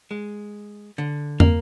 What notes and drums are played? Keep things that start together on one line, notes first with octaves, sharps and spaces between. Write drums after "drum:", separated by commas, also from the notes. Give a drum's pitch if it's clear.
G#3
D3
A#3, drum: tom